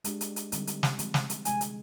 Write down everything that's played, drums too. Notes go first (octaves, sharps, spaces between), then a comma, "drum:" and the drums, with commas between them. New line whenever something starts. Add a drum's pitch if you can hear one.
G#3 D4 G4, drum: hi-hat
drum: hi-hat
drum: hi-hat
D3 G3 C4 D#4, drum: hi-hat
drum: hi-hat
drum: snare
F3 G#3 C4 G4, drum: hi-hat
drum: snare
drum: hi-hat
C3 F3 G#3 D4 G#5, drum: hi-hat
drum: hi-hat